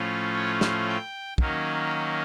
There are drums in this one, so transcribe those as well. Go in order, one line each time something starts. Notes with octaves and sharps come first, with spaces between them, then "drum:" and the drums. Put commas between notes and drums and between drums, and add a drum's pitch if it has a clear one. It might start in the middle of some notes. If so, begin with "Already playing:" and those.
Already playing: A2 F3 A3 C#4 F4
C#5
drum: snare
G5
D#3 F#3 A#3 C#4, drum: kick